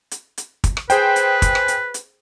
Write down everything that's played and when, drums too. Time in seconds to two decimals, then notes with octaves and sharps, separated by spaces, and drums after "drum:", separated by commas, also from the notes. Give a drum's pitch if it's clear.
0.11 drum: hi-hat
0.38 drum: hi-hat
0.64 drum: kick, hi-hat
0.77 drum: rim click
0.90 G#4 B4 C5 G5, drum: hi-hat
1.16 drum: hi-hat
1.42 drum: kick, hi-hat
1.55 drum: rim click
1.68 drum: hi-hat
1.94 drum: hi-hat